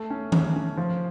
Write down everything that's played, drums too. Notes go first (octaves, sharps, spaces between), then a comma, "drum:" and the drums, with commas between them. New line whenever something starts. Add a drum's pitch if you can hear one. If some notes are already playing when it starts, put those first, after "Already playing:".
Already playing: A3
C#4
C#4, drum: tom D#3
C#4
F3